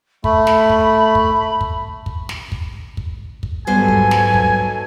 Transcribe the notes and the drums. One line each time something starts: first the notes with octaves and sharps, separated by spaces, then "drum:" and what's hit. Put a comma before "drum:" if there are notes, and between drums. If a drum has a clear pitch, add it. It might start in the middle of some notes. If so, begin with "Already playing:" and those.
A3 B5, drum: kick
drum: snare
drum: kick
drum: kick
drum: kick
drum: kick
drum: snare
drum: kick
drum: kick
drum: kick
G#2 F#3 G3 B3 A4 C5 G#5
drum: kick
drum: snare
drum: kick